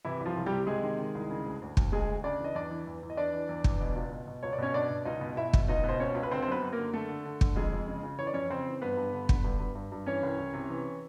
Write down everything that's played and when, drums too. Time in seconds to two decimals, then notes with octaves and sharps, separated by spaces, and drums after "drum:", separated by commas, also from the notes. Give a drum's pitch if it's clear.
0.05 C3 E3 E4
0.20 C2
0.26 F3 F4
0.36 C2
0.46 C3 G3 G4
0.67 C3 G#3 G#4
0.83 D#3
0.99 D#3
1.15 C2
1.30 C#3
1.45 D2
1.62 D2
1.77 D2, drum: kick
1.92 D2 G#3 G#4
2.09 D2
2.24 C#3 D4 D5
2.39 E3
2.44 D#5
2.55 E2 D4 D5
2.71 E3
2.87 E2
3.03 E2
3.10 D#5
3.17 E3 D4 D5
3.33 E3
3.49 E2
3.64 E2, drum: kick
3.81 B2
3.96 C#2
4.11 B2
4.27 B2
4.43 C#2 C#5
4.53 D5
4.58 B2 C#4 C#5
4.74 B2 D4 D5
4.91 B2
5.05 C#2 D#4 D#5
5.21 B2
5.37 B2 E4 E5
5.53 B2, drum: kick
5.68 C#2 D#4 D#5
5.84 B2 C5
6.00 C#2 C#4 C#5
6.15 C#2
6.23 B4
6.31 D3 C4 C5
6.42 C5
6.47 F#2 B3 B4
6.62 F#2
6.73 D3 A#3 A#4
6.93 D3 A3 A4
7.09 D3
7.25 D3
7.41 D3, drum: kick
7.56 F2 G#3 G#4
7.73 F2
7.88 C#3
8.03 C#3
8.19 E3 C#5
8.27 D5
8.34 F2 C#4 C#5
8.50 C#3 C4 C5
8.66 E3
8.82 G2 B3 B4
8.97 G2
9.13 D3
9.29 D3, drum: kick
9.44 G2
9.60 G2
9.75 G2
9.92 G2
10.06 E3 C#4 C#5
10.23 C2
10.38 C2
10.53 C3
10.70 E3